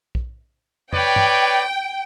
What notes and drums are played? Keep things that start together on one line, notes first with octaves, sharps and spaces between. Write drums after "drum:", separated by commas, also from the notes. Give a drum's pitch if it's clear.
drum: kick A#1
B4 C#5 D5 G5, drum: tom F2
drum: tom G2